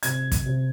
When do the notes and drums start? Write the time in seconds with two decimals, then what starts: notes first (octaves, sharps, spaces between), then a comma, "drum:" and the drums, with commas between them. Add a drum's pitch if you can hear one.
0.03 C3 G#6, drum: hi-hat
0.32 drum: kick, hi-hat
0.46 C3